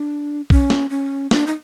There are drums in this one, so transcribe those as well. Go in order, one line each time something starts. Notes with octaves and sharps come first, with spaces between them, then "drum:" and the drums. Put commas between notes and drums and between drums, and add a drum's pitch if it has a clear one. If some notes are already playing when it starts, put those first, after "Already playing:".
Already playing: D4
C#4, drum: kick
drum: snare
C#4
D4, drum: snare
D#4